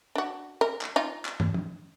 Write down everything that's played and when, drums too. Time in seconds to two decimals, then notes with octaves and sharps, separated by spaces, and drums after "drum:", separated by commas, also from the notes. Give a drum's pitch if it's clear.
0.15 D4 F#4
0.61 A#4
0.81 drum: clap
0.96 D#4 F4
1.25 drum: clap
1.40 drum: tom
1.54 drum: tom